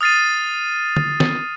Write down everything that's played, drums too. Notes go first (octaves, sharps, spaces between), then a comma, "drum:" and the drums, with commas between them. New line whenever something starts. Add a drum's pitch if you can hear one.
D#6 F6 A6 C7 D#7
drum: tom D3
drum: snare